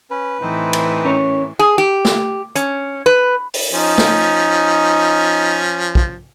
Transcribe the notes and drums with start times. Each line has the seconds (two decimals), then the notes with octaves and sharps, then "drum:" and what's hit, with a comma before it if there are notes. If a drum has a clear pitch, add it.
0.11 C#4 B4
0.41 A2 E3 C4 D#4 C5
0.73 drum: cymbal
1.05 C#4 A#4 C#5
1.59 G#4
1.78 G4
2.05 drum: snare
2.55 C#4, drum: hi-hat
3.06 B4
3.54 drum: open hi-hat
3.73 F3 C#4 D#4
3.98 drum: snare
5.95 drum: kick